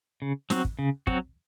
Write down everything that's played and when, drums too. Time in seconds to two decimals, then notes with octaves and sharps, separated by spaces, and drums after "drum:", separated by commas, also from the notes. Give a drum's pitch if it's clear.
0.22 C#3
0.50 F#3 C4 F#4, drum: snare
0.65 drum: kick
0.79 C#3
1.07 F#3 C4 F#4, drum: kick